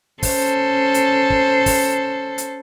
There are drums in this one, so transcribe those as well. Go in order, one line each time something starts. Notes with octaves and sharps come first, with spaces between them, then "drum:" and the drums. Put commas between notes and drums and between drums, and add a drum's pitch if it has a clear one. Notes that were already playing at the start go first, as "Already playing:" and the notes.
C#4 A4 C5, drum: kick, open hi-hat
drum: hi-hat
drum: kick
drum: kick, open hi-hat
drum: hi-hat